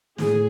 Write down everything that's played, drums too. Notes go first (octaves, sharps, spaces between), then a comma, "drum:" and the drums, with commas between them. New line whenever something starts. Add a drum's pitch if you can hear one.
A2 G#4, drum: snare